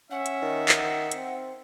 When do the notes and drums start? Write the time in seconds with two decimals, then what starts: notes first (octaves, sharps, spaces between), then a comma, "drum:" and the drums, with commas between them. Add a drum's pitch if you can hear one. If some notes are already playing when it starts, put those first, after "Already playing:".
0.11 C#4 E5 F#5
0.26 drum: hi-hat
0.42 D#3
0.69 drum: clap
1.12 C4, drum: hi-hat